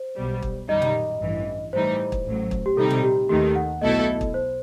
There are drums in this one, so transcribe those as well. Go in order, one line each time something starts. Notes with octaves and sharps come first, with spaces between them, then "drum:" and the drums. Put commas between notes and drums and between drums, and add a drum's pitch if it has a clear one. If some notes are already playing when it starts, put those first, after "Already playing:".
Already playing: C5
B1 B2 G3
drum: kick
F#2 D#3 G3 D#4 D#5
drum: tom A#2
A1 G2 E3
A2 E3 G3 D#4 C5
drum: kick
A1 A2 F#3
drum: kick
G4
C3 D#3 G3 D#4 A4
drum: tom A#2
G4
D#2 D#3 A3 G4
F#5
B1 B2 A3 E4 A4 D#5
drum: kick
C5